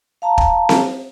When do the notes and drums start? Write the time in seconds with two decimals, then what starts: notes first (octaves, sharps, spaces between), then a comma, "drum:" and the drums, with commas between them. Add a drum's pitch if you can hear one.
0.22 F5 A5 A#5
0.38 drum: kick
0.69 drum: snare C4